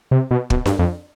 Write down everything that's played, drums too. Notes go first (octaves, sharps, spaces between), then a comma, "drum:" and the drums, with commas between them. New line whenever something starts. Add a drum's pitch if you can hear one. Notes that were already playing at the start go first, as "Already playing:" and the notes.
C3
B2
B2, drum: kick
G2, drum: snare D4
F2